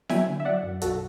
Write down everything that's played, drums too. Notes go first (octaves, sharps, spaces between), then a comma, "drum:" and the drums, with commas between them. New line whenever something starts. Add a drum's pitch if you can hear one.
F#3 E5 G#5, drum: snare E4
D3
E5
F#3 D5 F#5
F#2
B1 F#4 A4, drum: hi-hat